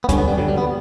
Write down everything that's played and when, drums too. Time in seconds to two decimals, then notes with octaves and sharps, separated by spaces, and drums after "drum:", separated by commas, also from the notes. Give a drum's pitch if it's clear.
0.04 B3
0.09 G2 D3 C#4, drum: kick, hi-hat
0.18 B3
0.28 G3
0.38 G2 D3 F#3
0.48 G3
0.58 B3